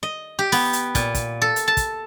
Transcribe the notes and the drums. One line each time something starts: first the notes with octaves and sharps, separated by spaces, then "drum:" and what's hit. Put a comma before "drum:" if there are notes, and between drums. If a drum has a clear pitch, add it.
D#5
G4
B3, drum: open hi-hat
drum: hi-hat
A#2, drum: kick, hi-hat
drum: kick, hi-hat
A4
drum: hi-hat
A5
drum: kick, hi-hat